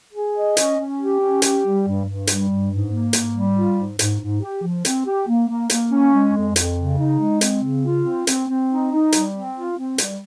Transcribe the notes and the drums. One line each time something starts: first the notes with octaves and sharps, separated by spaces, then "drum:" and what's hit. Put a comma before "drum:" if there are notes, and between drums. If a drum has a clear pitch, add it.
G#4
D#5
C#4, drum: hi-hat
C#4
G4
C#4
G4, drum: hi-hat
G3
G2
G2
G3, drum: hi-hat
G2
G#2
A#3
G#2, drum: hi-hat
G3
F4
G#2
G#2, drum: hi-hat
G#2
G4
F3
C4, drum: hi-hat
G4
A#3
A#3
A#3, drum: hi-hat
C#4
G#3
F2
F2, drum: hi-hat
C#3
D#4
G#3
C4, drum: hi-hat
C#3
F4
C4
C4, drum: hi-hat
C4
D#4
D#4
G3, drum: hi-hat
C4
F4
C4
G3, drum: hi-hat